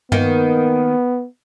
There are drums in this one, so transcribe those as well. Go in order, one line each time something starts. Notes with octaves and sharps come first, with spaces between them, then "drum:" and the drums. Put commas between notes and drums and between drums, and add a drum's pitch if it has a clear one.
D#3 A#3 B3, drum: tom G2